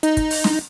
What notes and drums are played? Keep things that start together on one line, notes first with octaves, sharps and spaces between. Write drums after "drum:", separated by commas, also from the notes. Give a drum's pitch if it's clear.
D#4, drum: hi-hat
drum: kick, hi-hat
drum: open hi-hat
drum: snare